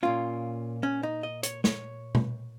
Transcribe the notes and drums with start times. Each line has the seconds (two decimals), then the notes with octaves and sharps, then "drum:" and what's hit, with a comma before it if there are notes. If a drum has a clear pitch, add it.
0.03 A#2 A#3 C#4 F4
0.83 C#4
1.03 D#4
1.23 D#5
1.43 C#5, drum: hi-hat
1.64 C#5, drum: snare
2.15 drum: tom B2